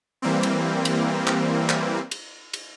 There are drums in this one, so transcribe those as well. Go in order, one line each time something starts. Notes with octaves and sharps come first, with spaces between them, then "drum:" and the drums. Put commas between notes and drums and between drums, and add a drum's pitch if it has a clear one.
E3 G3 A#3 C4
drum: cymbal
drum: cymbal
drum: clap
drum: clap
drum: cymbal
drum: cymbal